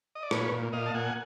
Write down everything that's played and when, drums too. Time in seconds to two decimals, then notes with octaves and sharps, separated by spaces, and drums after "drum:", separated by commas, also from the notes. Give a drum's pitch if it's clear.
0.15 D#5
0.23 D5
0.31 A#2 B4 C#5, drum: rim click
0.52 A#2
0.73 A#2 D#5 F5
0.86 A5
0.94 A#2 F#5 G#5